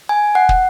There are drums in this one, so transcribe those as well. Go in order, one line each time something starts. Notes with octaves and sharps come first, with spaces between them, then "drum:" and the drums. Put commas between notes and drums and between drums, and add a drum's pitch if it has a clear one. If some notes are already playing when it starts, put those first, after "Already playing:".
G#5
F#5
drum: kick